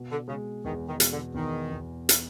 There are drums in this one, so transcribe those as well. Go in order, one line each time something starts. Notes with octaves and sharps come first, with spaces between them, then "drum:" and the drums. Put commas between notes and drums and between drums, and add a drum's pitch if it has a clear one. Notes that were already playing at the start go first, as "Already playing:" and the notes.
Already playing: B2
D3
C#3 G#3
E2 D#3
D#3
B2, drum: hi-hat
D3
E2 D#3
E2
drum: hi-hat